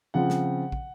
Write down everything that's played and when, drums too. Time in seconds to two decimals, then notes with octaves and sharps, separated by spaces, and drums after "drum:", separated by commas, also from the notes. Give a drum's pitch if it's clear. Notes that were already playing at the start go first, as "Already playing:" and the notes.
0.14 C#3 F3 C4 F#5
0.30 drum: snare
0.72 drum: kick